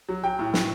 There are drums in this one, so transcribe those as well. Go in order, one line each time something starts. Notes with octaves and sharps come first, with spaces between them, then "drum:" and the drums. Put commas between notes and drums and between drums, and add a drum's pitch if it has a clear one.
F#3
F#3 G5
A2
A2, drum: snare